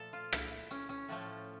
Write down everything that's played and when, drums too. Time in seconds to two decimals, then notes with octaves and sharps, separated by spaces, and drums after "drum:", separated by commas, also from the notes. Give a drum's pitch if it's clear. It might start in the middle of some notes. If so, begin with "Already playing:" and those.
Already playing: A#2 F3 A3 A4
0.13 F4
0.33 E4, drum: rim click
0.71 C#4
0.89 C#4
1.09 A2 F3 A3